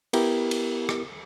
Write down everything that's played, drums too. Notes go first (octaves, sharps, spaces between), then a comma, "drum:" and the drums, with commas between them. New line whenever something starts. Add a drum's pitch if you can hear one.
B3 E4 G4 A#4, drum: cymbal
drum: cymbal
drum: rim click